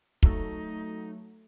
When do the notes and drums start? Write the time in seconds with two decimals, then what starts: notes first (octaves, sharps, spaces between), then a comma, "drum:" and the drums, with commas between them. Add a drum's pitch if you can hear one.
0.23 F#3 A3 D#4, drum: kick